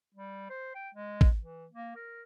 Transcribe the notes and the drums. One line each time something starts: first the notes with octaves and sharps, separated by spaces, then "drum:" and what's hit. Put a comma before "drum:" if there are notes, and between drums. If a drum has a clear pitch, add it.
G3
C5
G5
G#3
drum: kick
E3
A#3
A#4